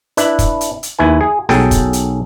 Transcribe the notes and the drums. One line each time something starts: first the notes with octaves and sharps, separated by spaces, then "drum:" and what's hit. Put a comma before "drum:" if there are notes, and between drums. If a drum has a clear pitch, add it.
D4 E4 B4, drum: hi-hat
drum: kick, hi-hat
drum: hi-hat
drum: hi-hat
D#2 E4 B4 G#5
G#4
B1 F#3 G#4 A4 G5 G#5, drum: snare
drum: kick, hi-hat
drum: hi-hat